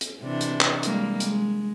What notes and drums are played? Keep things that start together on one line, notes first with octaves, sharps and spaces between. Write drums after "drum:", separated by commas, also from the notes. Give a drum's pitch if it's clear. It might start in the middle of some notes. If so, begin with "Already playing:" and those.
drum: hi-hat
C3 E3 D4
drum: hi-hat
drum: clap
G3 G#3 A#3, drum: hi-hat
G#3, drum: hi-hat